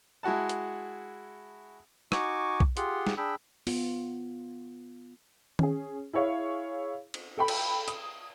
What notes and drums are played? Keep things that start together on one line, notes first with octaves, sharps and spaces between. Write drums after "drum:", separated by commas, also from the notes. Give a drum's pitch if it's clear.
G#3 E4 F#4 F#5 A5
drum: hi-hat
D#4 F#4 G#5 C#6 D6, drum: rim click
drum: kick B1
F4 G4 G#4 F#5 C6, drum: hi-hat
drum: snare
D4 G#4 G5 B5 E6
B3 F4, drum: open hi-hat
C#4 G#4, drum: tom D#3
E4 G#4 C#5 F5
drum: cymbal
A4 G5 B5
drum: cymbal
D#6, drum: hi-hat